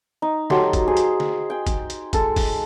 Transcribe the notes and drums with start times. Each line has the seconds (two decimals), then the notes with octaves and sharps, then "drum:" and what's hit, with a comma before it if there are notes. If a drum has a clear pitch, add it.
0.22 D#4
0.50 F#3 G4 A4 C6, drum: snare
0.73 drum: kick, hi-hat
0.87 G#4 C5 D#6
0.97 drum: hi-hat
1.20 drum: snare
1.50 G5 G#5
1.67 drum: kick, hi-hat
1.90 drum: hi-hat
2.13 G#3 A4, drum: kick, hi-hat
2.36 drum: kick, open hi-hat